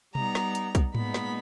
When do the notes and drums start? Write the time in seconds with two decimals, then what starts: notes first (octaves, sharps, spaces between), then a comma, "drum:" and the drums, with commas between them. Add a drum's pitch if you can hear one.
0.15 G3 B3 D#4 A#5, drum: tom B2
0.35 drum: snare
0.55 drum: hi-hat
0.75 drum: kick B1, hi-hat
0.95 A#2 G#3 B3 D#4 B5, drum: tom G#2
1.14 drum: snare